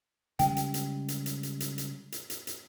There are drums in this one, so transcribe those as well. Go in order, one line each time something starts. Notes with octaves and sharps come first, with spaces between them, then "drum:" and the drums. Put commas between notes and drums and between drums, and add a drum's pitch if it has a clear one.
C#3 G3 G#3 G5, drum: hi-hat
drum: hi-hat
drum: hi-hat
drum: hi-hat
drum: hi-hat
drum: hi-hat
drum: hi-hat
drum: hi-hat
drum: hi-hat
drum: hi-hat
drum: hi-hat